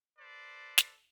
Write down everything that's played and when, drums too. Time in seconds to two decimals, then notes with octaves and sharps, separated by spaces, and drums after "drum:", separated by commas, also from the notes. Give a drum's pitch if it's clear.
0.18 A4 B4 C5 D5
0.78 drum: snare